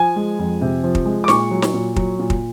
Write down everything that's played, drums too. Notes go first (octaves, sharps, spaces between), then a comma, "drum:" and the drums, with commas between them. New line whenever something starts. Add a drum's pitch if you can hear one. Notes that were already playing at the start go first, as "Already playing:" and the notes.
Already playing: F3 G#5
G#3
F2
C3
F3
drum: kick
G#3
D6
A#2 C#6, drum: snare
F#3
drum: snare
A#2
F#3, drum: kick
A#2
drum: kick